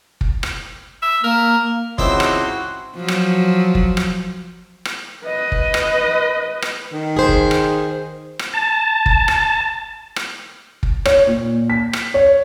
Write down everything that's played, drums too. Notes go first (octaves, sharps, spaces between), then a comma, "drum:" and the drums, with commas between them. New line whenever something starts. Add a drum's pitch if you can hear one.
drum: kick
drum: rim click
E5
A#3 A#4
C#2 C4 E4 F#4 E5 C6, drum: kick
drum: rim click
F3 F#3
drum: rim click
drum: kick
drum: rim click
drum: rim click
B4 D#5
drum: kick
drum: rim click
drum: rim click
D#3
G#4 C5
drum: kick
drum: rim click
drum: rim click
A5
drum: kick
drum: rim click
drum: rim click
drum: kick
C#5, drum: rim click
A#2
B6
drum: rim click
C#5